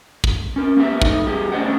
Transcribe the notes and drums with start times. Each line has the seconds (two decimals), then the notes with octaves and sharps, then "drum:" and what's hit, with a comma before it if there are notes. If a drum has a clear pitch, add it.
0.24 drum: kick
0.56 C#4 A#4
0.77 A#3 B3 G4 E5
1.02 A3 D#4, drum: kick
1.25 G2 G4 G#4
1.52 A3 C#4 D4 C5 D#5 F#5